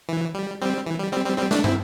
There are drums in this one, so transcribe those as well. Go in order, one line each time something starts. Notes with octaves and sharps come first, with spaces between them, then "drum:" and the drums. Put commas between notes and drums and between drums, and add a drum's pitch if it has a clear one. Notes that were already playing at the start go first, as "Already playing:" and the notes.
E3
G3
G3 C4
E3
G3
G3 C4
G3 C4
G3 C4
A3 D4, drum: snare
C4 E4, drum: tom